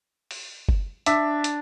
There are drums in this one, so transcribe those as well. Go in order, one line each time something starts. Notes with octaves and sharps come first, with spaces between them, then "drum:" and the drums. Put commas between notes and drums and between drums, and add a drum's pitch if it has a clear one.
drum: open hi-hat
drum: kick F#1
D4 E5, drum: hi-hat
drum: hi-hat